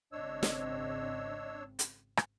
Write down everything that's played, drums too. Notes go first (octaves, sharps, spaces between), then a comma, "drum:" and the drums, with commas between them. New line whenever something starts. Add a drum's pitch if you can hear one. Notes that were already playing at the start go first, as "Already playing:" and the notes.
G#1 C#3 C4 D4 C#5 D#5 E6
drum: snare
drum: hi-hat
drum: rim click